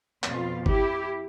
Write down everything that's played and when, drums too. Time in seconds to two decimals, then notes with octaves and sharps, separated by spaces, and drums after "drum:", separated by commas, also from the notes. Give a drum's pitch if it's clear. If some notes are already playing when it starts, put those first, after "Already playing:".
0.23 F2 B2 F4, drum: clap
0.66 E4 G4, drum: kick G1